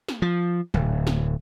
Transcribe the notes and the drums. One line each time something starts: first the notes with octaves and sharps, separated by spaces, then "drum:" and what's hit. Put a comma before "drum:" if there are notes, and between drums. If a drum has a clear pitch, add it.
drum: snare
F3
D1, drum: tom
drum: snare